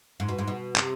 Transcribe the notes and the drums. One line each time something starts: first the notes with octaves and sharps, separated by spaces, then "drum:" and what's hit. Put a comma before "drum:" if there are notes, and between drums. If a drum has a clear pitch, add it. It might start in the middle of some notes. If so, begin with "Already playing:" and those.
G#2
B2
G#2
B2
C3, drum: clap